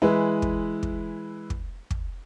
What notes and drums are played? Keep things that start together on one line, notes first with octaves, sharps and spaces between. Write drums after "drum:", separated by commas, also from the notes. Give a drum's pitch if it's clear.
E3 G#3 E4 B4
drum: kick
drum: kick
drum: kick
drum: kick